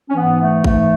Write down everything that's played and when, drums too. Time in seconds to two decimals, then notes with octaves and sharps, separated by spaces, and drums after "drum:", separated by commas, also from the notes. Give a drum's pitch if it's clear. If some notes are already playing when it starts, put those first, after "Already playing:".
0.09 C#4
0.15 G#2 E3 B3
0.40 A3
0.64 G#2 E3 A3, drum: kick A1